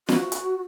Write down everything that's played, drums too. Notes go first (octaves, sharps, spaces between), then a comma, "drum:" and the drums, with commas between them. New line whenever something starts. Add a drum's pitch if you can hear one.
F#4, drum: snare
drum: hi-hat